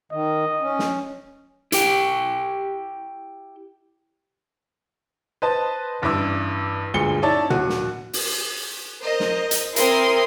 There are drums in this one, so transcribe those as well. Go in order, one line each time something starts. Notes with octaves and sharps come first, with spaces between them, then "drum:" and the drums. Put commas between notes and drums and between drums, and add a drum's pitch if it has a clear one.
D#3 D#5
C#4
drum: snare
E4 G4 G5, drum: hi-hat
B4 C5 D#5 A5
A1 G2 E4 D6 E6
D2 G2 A#2 G#3 C#7 G7
C#4 D#4 E4 C#5 D5 A5
D#2 F#4, drum: tom
drum: snare
drum: open hi-hat
A#4 C5 D#5
drum: snare
drum: hi-hat
C4 E4 A#4 C6 D#6, drum: hi-hat